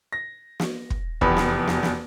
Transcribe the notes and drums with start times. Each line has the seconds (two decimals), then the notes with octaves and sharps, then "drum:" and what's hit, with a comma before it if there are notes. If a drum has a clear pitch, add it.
0.13 A#6
0.60 drum: snare
0.90 drum: kick
1.21 F1 E2 B3 G4 B5, drum: kick
1.37 drum: snare
1.68 drum: snare
1.83 drum: snare